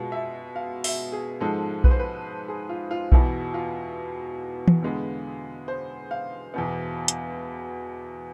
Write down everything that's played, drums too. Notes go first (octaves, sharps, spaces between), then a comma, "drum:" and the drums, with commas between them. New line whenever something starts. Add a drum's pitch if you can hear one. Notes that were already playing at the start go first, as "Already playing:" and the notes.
Already playing: B2 G#3 B3 F4
E5
F5
E5, drum: open hi-hat
G#4
G#2 F3 G#3 A4
B4, drum: kick B1
C5
B4
G#4
F4
F4
E2 B2 B3 E4, drum: kick B1
F4
drum: tom E3
E2 D3 G#3 B3
C5
F5
E2 B2 B3
drum: hi-hat